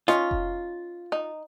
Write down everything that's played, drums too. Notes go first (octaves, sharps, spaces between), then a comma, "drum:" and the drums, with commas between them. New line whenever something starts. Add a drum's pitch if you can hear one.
C#4 D#4 F4, drum: hi-hat
drum: kick F1
D#4